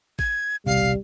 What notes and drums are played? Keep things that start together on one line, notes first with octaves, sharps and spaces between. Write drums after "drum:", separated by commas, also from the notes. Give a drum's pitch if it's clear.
G#6, drum: kick A1
D#1 B1 C3 G3 F5